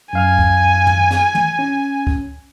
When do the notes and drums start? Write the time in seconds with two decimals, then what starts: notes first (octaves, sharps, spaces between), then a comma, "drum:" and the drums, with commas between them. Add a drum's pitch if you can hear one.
0.13 F#2 F5 G#5 F6
0.39 drum: kick
0.87 drum: tom
1.11 drum: snare
1.35 drum: tom
1.59 C#4
2.07 drum: kick